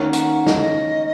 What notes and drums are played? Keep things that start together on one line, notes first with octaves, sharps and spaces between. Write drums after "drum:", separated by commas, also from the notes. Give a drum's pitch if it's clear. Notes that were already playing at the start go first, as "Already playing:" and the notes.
Already playing: D#3 A#3 C#4 F#4
F#5, drum: hi-hat
F#5
D#5, drum: snare